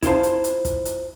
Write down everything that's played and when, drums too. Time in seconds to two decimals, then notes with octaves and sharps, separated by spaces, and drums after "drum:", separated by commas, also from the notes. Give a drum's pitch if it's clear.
0.02 E4 F4 C5 A5, drum: kick, hi-hat
0.23 drum: hi-hat
0.44 drum: hi-hat
0.65 drum: kick, hi-hat
0.85 drum: hi-hat